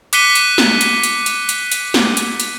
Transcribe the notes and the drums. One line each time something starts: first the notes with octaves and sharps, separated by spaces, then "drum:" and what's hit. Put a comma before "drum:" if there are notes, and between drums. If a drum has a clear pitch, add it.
D6 F#6 B6 C#7 D#7 G7, drum: hi-hat
drum: hi-hat
drum: snare
drum: hi-hat
drum: hi-hat
drum: hi-hat
drum: hi-hat
drum: hi-hat
drum: snare
drum: hi-hat
drum: hi-hat